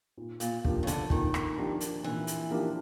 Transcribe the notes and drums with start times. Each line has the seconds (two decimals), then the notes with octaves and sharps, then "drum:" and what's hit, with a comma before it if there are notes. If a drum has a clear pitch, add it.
0.18 A#2
0.40 A#2, drum: hi-hat
0.65 F3 A#3 D4 G4, drum: kick
0.83 C#3
0.87 D3, drum: hi-hat
1.10 A#2 D#3, drum: kick
1.34 drum: rim click
1.57 F3 A#3 D4 G4
1.81 drum: hi-hat
2.04 A#2 E3
2.27 drum: hi-hat
2.50 F3 A#3 D4 G4